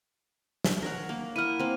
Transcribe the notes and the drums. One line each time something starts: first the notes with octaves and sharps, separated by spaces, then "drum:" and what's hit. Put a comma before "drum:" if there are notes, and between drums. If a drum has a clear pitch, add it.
drum: snare
A#4 C#5 F#5
A#3
E4 F#5 F6 D#7
A#3 C4